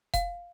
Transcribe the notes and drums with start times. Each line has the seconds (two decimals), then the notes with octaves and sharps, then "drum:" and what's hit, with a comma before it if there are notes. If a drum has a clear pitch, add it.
0.14 F5, drum: kick F1, hi-hat